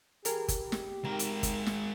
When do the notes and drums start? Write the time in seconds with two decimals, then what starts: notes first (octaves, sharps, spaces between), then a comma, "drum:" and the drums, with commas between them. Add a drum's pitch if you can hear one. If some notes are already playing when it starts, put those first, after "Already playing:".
0.25 E3 G4 G#4 A#4, drum: hi-hat
0.48 drum: kick, hi-hat
0.72 drum: snare
1.05 D#3 G#3 A#4
1.19 drum: hi-hat
1.43 drum: kick, hi-hat
1.66 drum: snare